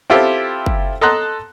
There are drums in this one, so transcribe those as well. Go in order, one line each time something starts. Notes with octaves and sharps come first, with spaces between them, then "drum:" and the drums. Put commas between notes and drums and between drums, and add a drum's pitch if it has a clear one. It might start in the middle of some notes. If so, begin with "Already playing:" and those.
C4 E4 F4 G4 A4
drum: kick
A4 D#5 A5 A#5 C6 F#6